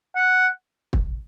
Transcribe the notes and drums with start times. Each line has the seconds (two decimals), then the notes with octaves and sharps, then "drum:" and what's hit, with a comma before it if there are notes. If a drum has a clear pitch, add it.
0.16 F#5
0.93 drum: kick